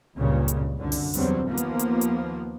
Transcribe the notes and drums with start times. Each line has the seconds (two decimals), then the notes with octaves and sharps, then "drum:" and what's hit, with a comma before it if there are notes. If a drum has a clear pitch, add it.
0.16 C#2 G2 A#2 C#3
0.48 drum: hi-hat
0.77 C2 F#2 D3
0.92 drum: open hi-hat
1.14 E2 F#3 G3 C4, drum: hi-hat
1.48 D#2 F3 A#3 B3
1.57 drum: hi-hat
1.79 drum: hi-hat
2.01 drum: hi-hat